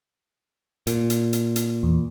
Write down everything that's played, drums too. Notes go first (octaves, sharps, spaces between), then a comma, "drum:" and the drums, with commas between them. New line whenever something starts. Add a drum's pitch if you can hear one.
A#2, drum: hi-hat
drum: hi-hat
drum: hi-hat
drum: hi-hat
E2